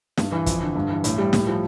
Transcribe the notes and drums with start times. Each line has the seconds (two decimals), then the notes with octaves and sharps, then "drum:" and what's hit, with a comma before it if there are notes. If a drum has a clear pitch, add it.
0.17 G2, drum: snare
0.32 E3
0.46 F2, drum: kick, hi-hat
0.61 D3
0.76 G2
0.89 E3
1.04 A2, drum: hi-hat
1.18 G3
1.33 A2, drum: snare
1.47 F3